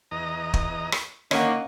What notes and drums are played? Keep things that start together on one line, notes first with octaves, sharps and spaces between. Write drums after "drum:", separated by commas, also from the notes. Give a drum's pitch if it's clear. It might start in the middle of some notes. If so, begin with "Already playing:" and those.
E2 D#5 A#5
drum: kick
drum: rim click
D3 D#3 A#3 C#4 D#5 F5 F#5, drum: rim click